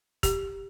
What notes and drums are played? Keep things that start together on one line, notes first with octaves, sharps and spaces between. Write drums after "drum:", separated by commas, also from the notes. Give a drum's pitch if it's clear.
G4, drum: kick F1, hi-hat